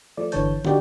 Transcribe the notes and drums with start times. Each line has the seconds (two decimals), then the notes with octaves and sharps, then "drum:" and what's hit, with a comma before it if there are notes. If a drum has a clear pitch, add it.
0.17 F3 A3 D5
0.32 G1 D3 E3 C#5 A5 G6, drum: hi-hat
0.65 D4 D#4 F#4 G4 D5 G5, drum: tom